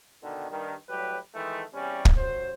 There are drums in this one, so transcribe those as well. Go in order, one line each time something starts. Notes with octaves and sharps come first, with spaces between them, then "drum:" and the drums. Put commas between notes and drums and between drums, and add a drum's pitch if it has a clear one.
B2 D3 D#3
G2 D#3
A2 F#3 G3 G4 B4
D#3 E3 G#3 A3
E2 C3 G3 C#4
drum: kick
A1 F#3 C5